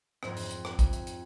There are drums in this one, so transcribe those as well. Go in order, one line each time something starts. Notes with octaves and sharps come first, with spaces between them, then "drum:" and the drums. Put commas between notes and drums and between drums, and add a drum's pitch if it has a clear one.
F2 G#2 C4, drum: rim click
drum: open hi-hat
drum: hi-hat
drum: rim click
drum: kick, hi-hat
drum: hi-hat
drum: hi-hat